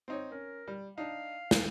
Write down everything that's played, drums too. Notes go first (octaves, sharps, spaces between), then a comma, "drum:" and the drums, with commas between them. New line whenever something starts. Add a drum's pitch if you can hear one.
C4 D#4 C#5
C#4 A#4
G3
D4 D#4 F5
F#6, drum: snare